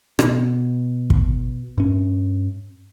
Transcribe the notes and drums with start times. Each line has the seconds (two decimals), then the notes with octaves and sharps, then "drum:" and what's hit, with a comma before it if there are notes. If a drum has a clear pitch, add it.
0.19 B2, drum: rim click
1.10 drum: kick
1.78 G2 C#4